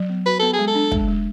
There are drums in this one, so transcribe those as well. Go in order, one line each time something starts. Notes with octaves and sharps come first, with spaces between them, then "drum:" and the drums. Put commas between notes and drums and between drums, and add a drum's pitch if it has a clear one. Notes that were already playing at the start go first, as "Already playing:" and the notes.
Already playing: F#3
B3
F#4 B4
B3 A4
G#4
G#3
A4
D4
G#3, drum: kick
G#3